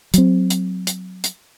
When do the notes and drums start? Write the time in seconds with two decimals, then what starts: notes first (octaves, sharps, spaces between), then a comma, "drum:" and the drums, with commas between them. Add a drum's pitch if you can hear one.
0.14 F#3 C4, drum: hi-hat
0.50 drum: hi-hat
0.87 drum: hi-hat
1.24 drum: hi-hat